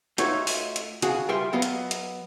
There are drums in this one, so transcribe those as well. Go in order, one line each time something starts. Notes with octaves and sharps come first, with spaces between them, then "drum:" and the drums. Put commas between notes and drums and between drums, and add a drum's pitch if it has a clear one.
A3 D#4 F4 F#4 C#5, drum: hi-hat
drum: open hi-hat
drum: hi-hat
C#3 F#4 G#4, drum: hi-hat
G3 F4 A#4 E5 G5 C6
F#3 B3 D#5 F5
drum: hi-hat
drum: hi-hat